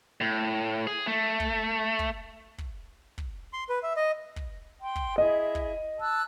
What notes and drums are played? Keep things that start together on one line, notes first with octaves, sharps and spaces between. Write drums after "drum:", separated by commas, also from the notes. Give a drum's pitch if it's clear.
A2
G#4
A3
drum: kick
drum: kick
drum: kick
drum: kick
C6
B4
E5
D#5
drum: kick
G5 C6
drum: kick
E4 G#4 D#5 E5
drum: kick
A5 E6 F#6